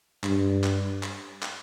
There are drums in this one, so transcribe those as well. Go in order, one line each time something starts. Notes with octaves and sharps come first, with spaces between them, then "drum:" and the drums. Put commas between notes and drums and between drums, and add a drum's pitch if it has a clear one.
G2, drum: clap
drum: clap
drum: clap
drum: clap